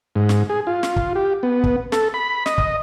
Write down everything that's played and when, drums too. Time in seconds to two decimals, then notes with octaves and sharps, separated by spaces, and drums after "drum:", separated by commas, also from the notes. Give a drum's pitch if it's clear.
0.16 G#2
0.29 drum: snare
0.49 G#4
0.67 F4
0.83 drum: snare
0.96 drum: kick
1.15 G4
1.43 B3
1.64 drum: kick
1.92 A4, drum: snare
2.14 B5
2.46 D#5, drum: snare
2.58 drum: kick